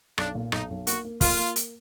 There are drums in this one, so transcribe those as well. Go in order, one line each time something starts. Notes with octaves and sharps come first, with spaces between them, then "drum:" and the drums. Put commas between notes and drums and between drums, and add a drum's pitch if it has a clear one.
B1 D4, drum: rim click
A#2
B1 D#4, drum: rim click
B1
A#3 F#4, drum: hi-hat
A#3
A#3 F4, drum: kick, open hi-hat
A#3
drum: hi-hat